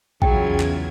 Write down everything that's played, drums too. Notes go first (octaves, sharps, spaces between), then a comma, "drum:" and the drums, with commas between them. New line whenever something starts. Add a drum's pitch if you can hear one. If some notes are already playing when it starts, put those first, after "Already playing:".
E2 C#3 F#3 E4 F4 G#4 G5 G#6, drum: kick A#1
drum: clap